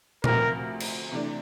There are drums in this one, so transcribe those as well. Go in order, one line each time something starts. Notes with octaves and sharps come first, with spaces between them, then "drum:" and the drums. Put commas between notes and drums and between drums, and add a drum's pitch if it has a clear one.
D2 C3 F3 A3 C4 A#4, drum: tom A#2
drum: cymbal
C3 E3 A3 D4